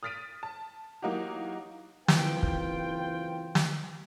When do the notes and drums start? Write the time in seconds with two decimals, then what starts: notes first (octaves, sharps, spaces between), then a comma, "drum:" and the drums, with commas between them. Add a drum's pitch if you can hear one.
0.03 D#6 F6 A6 B6 D7 D#7
0.43 A5
1.02 E3 F#3 A#3 D#4 F#4 G4
2.08 F#1 E3 C4 F4 B4 G5, drum: snare
2.43 drum: kick
3.55 drum: snare